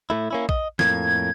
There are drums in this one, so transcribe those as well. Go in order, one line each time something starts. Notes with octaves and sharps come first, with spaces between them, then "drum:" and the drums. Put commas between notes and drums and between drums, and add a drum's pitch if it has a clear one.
A2 A3 E4
A#3 C#4 E4
D#5, drum: kick A#1
F2 A2 A#3 G#6, drum: snare